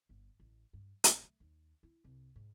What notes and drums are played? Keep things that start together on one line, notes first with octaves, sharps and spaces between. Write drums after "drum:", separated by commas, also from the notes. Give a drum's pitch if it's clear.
G1
A1
G2
A#1, drum: hi-hat
A3
D#2
E4
C2
G#2